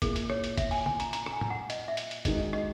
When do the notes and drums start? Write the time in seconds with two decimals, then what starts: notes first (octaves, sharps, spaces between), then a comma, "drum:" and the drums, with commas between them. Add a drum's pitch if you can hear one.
0.02 A#2 A#3 E4 G#4, drum: kick G1, hi-hat
0.16 drum: hi-hat
0.30 C#5, drum: rim click
0.44 drum: hi-hat
0.57 E5, drum: kick G1, hi-hat
0.71 G#5, drum: open hi-hat
0.86 G#5, drum: tom
1.00 A#5, drum: hi-hat
1.13 A#5, drum: hi-hat
1.26 A#5, drum: rim click
1.32 G#5
1.41 drum: tom
1.50 F#5
1.70 D#5, drum: hi-hat
1.88 E5
1.97 drum: hi-hat
2.11 drum: hi-hat
2.25 D#3 G#3 D#4 F#4 D#5, drum: kick G1, hi-hat
2.53 D#5, drum: rim click